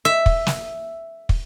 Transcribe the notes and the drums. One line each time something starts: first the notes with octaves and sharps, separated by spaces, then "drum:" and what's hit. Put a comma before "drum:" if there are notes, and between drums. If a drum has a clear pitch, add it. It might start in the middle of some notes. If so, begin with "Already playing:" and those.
E5
drum: kick
drum: snare
drum: kick